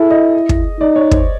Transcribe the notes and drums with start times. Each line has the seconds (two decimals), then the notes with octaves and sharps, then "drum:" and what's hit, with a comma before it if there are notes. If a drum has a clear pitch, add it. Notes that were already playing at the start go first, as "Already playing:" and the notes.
Already playing: E4 G#4 A4
0.10 D#5
0.49 drum: kick
0.80 D#4 D5
0.96 C#5
1.11 C5, drum: kick